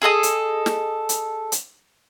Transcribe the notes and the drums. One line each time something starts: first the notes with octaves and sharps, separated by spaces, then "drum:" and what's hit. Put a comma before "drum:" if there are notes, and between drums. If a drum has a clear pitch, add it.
G#4 A4 D#5 D#6
drum: hi-hat
drum: snare
drum: hi-hat
drum: hi-hat